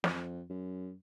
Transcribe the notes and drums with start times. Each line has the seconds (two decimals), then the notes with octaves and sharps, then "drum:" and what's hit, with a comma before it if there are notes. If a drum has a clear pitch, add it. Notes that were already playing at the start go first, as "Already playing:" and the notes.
0.04 F2, drum: snare
0.50 F#2